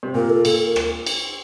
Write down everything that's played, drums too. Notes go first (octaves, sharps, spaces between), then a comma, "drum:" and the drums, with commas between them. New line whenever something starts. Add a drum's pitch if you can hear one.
C3
A#2 A#4
A4
A#2 A4, drum: cymbal
A#4
drum: rim click
drum: cymbal